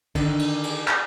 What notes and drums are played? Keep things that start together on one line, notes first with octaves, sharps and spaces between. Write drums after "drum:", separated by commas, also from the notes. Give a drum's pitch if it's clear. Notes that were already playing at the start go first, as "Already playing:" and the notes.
D3 D#3, drum: kick, cymbal
drum: cymbal
drum: cymbal
drum: clap